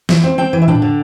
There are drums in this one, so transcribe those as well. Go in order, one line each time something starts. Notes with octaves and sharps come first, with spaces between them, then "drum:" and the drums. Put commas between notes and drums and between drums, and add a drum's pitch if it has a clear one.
E3, drum: snare
C4
C4 G5
E3
E5
D4 G5, drum: tom A2
D3